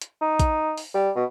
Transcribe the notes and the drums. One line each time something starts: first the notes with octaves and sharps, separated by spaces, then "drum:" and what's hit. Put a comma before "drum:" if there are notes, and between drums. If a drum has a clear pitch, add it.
drum: hi-hat
D#4
drum: kick A#1, hi-hat
drum: open hi-hat
G3
B2